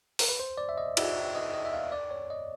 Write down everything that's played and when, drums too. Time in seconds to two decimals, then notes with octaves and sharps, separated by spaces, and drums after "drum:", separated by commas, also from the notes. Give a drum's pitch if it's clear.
0.19 A#4, drum: open hi-hat
0.29 B4
0.40 C5
0.58 D5
0.69 E5
0.78 D#5
0.97 E5, drum: cymbal
1.35 D#5
1.54 D#5
1.65 E5
1.73 F5
1.92 D5
2.11 C#5
2.30 D#5